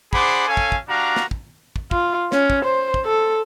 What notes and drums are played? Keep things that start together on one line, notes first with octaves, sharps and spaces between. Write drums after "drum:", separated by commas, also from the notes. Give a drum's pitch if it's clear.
D4 G#4 C5 F#5 B5 D6, drum: kick
C#4 A4 F5 G#5
drum: kick
drum: kick
G3 D4 F#4 F5 A#5
drum: snare
drum: kick
drum: kick
F4, drum: kick
C#4, drum: snare
drum: kick
C5
drum: kick
A4